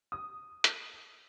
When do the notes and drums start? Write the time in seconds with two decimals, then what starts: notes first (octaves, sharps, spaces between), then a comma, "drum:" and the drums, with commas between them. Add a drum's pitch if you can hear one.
0.12 D#6
0.64 drum: hi-hat